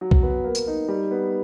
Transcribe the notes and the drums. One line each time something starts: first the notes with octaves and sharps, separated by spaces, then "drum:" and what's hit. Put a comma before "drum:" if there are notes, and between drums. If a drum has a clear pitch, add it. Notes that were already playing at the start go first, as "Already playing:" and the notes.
F#3
drum: kick B1
B3
A#3
drum: tambourine
D#4
G3
B3